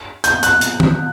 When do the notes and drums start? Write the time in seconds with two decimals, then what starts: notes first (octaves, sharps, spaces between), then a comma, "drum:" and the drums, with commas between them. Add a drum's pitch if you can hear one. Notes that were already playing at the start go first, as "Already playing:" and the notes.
0.24 G6, drum: hi-hat
0.43 F#6, drum: hi-hat
0.61 drum: hi-hat
0.80 drum: tom